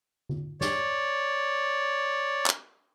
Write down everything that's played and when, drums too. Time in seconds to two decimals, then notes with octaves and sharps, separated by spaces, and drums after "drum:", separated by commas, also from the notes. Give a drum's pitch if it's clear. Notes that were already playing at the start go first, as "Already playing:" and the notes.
0.29 drum: tom D3
0.61 C#5 D5, drum: snare
2.46 drum: clap